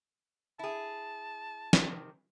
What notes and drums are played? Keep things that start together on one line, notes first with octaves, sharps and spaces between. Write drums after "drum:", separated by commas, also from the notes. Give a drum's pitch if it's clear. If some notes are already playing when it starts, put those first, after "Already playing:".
E4 G#4 A5
C3 D#3, drum: snare